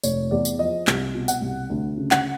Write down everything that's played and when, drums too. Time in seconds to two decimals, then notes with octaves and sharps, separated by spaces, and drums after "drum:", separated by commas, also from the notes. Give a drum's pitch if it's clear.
0.03 F1 C#5, drum: tambourine
0.31 E2 D5
0.45 drum: tambourine
0.59 F3 D#5
0.87 C2, drum: clap
1.15 B2
1.28 F#5, drum: tambourine
1.41 C2
1.70 D2
1.97 C#3
2.11 F#5, drum: clap